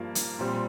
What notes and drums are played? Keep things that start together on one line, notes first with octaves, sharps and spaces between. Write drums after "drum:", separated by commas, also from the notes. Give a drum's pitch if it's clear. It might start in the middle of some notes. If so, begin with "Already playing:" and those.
Already playing: G2 F3 A#3
drum: hi-hat
A#2 G3 C4